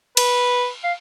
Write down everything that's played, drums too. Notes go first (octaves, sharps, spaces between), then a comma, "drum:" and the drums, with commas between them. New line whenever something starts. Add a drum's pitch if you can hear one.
B4, drum: cymbal
F5